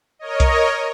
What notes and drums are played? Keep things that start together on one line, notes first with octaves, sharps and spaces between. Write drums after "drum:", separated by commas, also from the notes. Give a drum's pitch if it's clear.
A#4 C#5 D#5
drum: kick B1, hi-hat